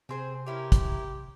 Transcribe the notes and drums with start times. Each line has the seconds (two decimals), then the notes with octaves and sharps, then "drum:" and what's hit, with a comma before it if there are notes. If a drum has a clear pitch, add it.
0.09 C3 C4 G#4 C5 C6
0.46 C#4 E4 G4 A#4
0.72 drum: kick, hi-hat